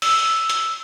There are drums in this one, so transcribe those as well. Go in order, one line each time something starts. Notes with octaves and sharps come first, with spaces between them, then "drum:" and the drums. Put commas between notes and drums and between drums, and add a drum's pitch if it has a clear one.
E6, drum: open hi-hat
drum: hi-hat